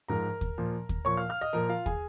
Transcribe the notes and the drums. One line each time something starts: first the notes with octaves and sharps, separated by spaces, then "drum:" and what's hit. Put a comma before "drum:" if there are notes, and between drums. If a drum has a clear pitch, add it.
G#2 F3 A#4 A#5
drum: kick
A#2 F3
drum: kick
A#2 F3 C#5 C#6
F5 F6
F5 F6
D#5 D#6
A#2 F3 A#4 A#5
F4 F5
G#4 G#5, drum: kick